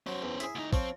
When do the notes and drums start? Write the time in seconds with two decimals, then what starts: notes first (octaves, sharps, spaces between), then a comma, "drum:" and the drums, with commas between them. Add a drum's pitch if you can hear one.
0.07 F#3 C#4 C5
0.23 E2
0.40 E4 G#4, drum: hi-hat
0.55 D2 D#4
0.73 F3 C4 C#5, drum: kick